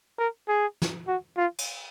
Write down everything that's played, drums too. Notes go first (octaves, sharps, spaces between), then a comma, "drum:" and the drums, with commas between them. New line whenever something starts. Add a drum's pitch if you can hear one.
A#4
G#4
drum: snare
F#4
F4
drum: cymbal